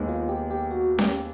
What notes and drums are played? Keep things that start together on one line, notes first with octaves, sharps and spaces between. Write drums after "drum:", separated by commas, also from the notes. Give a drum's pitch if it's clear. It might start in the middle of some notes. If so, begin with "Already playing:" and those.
Already playing: D#2 D#3 G#3 B3
F4
G4
G4
F#4
G4, drum: snare C#4